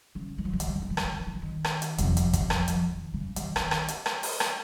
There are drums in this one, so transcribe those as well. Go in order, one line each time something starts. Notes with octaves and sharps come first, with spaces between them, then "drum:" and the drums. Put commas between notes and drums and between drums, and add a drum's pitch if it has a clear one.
C#3
D#3
F3
D#3
F3, drum: hi-hat
D#3
F3
D#3
F3
D#3, drum: rim click
F3
D#3
F3
D#3
F3
D#3
drum: rim click
drum: hi-hat
F1 F2 C3 D#3, drum: hi-hat
F3, drum: hi-hat
D#3, drum: kick, hi-hat
F3, drum: rim click
F3, drum: hi-hat
D#3
C#3
D#3, drum: hi-hat
F3, drum: rim click
D#3
drum: rim click
drum: hi-hat
drum: rim click
drum: open hi-hat
drum: rim click